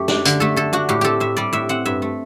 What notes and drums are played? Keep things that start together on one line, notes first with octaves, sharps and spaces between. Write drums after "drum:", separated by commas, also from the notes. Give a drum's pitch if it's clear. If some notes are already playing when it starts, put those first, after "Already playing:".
Already playing: F#2 A3 G4
D4, drum: snare
D3, drum: hi-hat
A3 A4
D3 A4
D4 F#4
A2 G4
C4 G4 A4
A2 E5
G3 D5
A2 E5
C4 F#5
G2 E5
A3